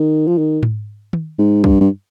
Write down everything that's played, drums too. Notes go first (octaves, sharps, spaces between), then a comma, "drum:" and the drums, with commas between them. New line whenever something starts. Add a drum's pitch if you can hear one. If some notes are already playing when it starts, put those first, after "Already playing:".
Already playing: D#3
F3
D#3
drum: tom G#2
drum: tom D#3
G#2
G2, drum: kick
G2